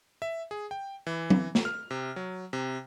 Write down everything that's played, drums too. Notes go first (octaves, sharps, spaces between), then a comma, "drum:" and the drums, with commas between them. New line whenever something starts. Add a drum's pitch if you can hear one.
E5
G#4
G5
E3
drum: tom
drum: snare
F6
C3
F#3
C3